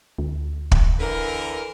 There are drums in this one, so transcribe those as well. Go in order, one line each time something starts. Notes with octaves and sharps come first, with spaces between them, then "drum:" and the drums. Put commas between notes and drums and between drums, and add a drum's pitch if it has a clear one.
D2
drum: kick
D3 E3 A#4